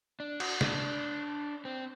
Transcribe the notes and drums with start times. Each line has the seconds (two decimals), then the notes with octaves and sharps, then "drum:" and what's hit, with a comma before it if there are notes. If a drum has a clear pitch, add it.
0.20 D4
0.40 F#4, drum: cymbal
0.61 D4, drum: snare
1.65 C4